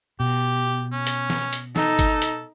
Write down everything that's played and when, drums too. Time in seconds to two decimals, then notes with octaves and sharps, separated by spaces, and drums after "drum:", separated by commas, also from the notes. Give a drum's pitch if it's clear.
0.20 B2 G4
0.92 C#4
1.07 drum: hi-hat
1.30 drum: snare
1.53 drum: hi-hat
1.76 D#4 A4, drum: snare
1.99 drum: kick G1, hi-hat
2.22 drum: hi-hat